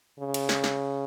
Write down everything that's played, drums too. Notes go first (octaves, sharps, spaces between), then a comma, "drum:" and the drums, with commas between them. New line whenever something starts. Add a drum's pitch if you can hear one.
C#3
drum: cymbal
drum: snare
drum: snare